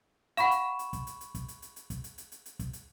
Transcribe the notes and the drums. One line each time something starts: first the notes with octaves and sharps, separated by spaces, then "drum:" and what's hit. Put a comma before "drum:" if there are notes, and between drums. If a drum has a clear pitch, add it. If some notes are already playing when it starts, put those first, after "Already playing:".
F5 F#5 B5 C#6 E7, drum: hi-hat
drum: hi-hat
drum: hi-hat
drum: kick, hi-hat
drum: hi-hat
drum: hi-hat
drum: kick, hi-hat
drum: hi-hat
drum: hi-hat
drum: hi-hat
drum: kick, hi-hat
drum: hi-hat
drum: hi-hat
drum: hi-hat
drum: hi-hat
drum: kick, hi-hat
drum: hi-hat